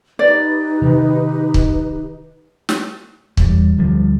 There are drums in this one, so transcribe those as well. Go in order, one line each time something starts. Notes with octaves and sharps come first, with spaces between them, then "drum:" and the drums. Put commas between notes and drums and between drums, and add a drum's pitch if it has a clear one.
D#4 G4 B4 D5
C3 D#3
drum: kick
drum: snare
E2 G3, drum: kick
D2 F3 G3